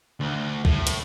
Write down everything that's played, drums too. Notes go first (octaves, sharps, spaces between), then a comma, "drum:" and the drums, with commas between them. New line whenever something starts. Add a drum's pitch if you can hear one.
D2
A2, drum: kick
drum: hi-hat